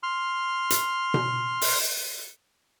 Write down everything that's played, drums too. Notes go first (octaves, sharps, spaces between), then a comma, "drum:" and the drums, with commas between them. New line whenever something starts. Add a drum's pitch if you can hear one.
C6 F6
drum: hi-hat
drum: tom B2
drum: open hi-hat